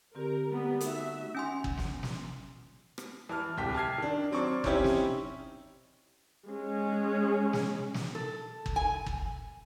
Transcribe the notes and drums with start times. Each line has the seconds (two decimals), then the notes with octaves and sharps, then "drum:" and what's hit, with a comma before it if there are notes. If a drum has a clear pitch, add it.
0.15 D3 C4 G4 A#4
0.49 G3 B3
0.81 A3 D#4 F#4 E5, drum: hi-hat
1.35 C#4 G#5 C6
1.64 drum: kick G1
1.77 drum: snare
2.03 drum: snare
2.98 drum: rim click
3.29 E3 A5 F6
3.57 D1 C2 G5 B6
3.75 A5 F6 G#6 C7
3.98 D#3 D4
4.31 F#3 C4 D5 C#6
4.64 C4 C#4 D#4 E4 G4 C#5, drum: kick G1
4.84 drum: snare
6.48 G#3 C#4
7.53 drum: snare
7.94 drum: snare
8.15 A4
8.66 drum: kick G1
8.76 G#5
9.06 drum: kick G1